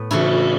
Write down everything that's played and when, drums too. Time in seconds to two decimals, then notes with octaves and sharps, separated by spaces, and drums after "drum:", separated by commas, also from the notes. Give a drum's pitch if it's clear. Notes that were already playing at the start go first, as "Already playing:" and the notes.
Already playing: A2 B3
0.11 C#3 E3 A3 E4, drum: cymbal